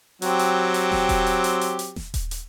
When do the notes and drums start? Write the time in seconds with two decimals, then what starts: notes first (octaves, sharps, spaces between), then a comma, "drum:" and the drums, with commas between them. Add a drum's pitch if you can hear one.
0.22 F#3 C4 G4, drum: hi-hat
0.39 drum: hi-hat
0.74 drum: hi-hat
0.92 drum: snare E1
1.09 drum: kick D#1, hi-hat
1.26 drum: hi-hat
1.44 drum: hi-hat
1.61 drum: hi-hat
1.79 drum: hi-hat
1.96 drum: snare E1
2.14 drum: kick D#1, hi-hat
2.31 drum: hi-hat